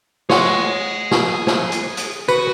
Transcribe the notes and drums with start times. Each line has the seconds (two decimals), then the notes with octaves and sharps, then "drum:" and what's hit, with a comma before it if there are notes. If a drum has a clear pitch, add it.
0.30 G#4 C#5 F#5 C6, drum: snare
1.11 drum: snare
1.47 drum: snare
1.72 drum: hi-hat
1.97 drum: hi-hat
2.28 F#4 B4, drum: tambourine